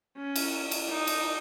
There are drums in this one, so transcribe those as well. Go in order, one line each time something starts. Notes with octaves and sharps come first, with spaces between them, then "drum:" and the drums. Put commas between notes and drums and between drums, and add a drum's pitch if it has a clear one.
C#4
drum: cymbal
drum: cymbal
D#4
drum: cymbal